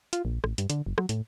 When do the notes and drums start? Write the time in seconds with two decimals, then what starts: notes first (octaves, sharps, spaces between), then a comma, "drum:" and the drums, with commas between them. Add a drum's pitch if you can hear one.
0.13 F4, drum: hi-hat
0.25 A#1
0.44 A1, drum: rim click
0.58 G2, drum: hi-hat
0.70 D3, drum: hi-hat
0.86 F#1
0.98 F#3, drum: rim click
1.09 A2, drum: hi-hat